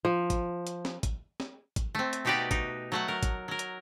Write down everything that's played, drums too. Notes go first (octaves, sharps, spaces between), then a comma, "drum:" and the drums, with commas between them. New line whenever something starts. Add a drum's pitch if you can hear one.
F3
drum: kick, hi-hat
drum: hi-hat
drum: snare
drum: kick, hi-hat
drum: snare
drum: kick, hi-hat
A3 C4
drum: hi-hat
B2 D#4 F#4 G4 B4 D5
D#4, drum: kick, hi-hat
F#3 A3 F#5
A#4
drum: kick, hi-hat
F#3 A#4
drum: hi-hat